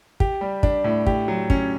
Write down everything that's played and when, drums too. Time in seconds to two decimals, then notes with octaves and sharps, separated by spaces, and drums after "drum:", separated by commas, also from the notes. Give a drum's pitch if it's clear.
0.20 G4, drum: kick
0.41 G3
0.63 D4, drum: kick
0.84 A2
1.06 G4, drum: kick
1.28 F#3
1.50 C#4, drum: kick